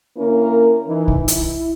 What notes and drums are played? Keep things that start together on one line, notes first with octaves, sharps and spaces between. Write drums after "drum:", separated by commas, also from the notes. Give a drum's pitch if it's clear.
D3 A#3 C#4 E4 A#4
E3 D#4
drum: kick B1
E4, drum: hi-hat